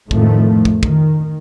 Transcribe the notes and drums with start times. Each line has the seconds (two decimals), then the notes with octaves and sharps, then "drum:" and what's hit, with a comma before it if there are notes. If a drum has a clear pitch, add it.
0.11 F2 A2 D#3 F3 A3, drum: kick
0.65 drum: kick
0.83 D#3, drum: kick